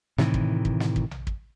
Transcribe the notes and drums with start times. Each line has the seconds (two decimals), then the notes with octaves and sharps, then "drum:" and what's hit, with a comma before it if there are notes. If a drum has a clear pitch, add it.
0.18 A2 C3 D#3 E3, drum: snare
0.34 drum: kick
0.65 drum: kick
0.80 drum: snare
0.96 drum: kick
1.11 drum: tom A#1
1.27 drum: kick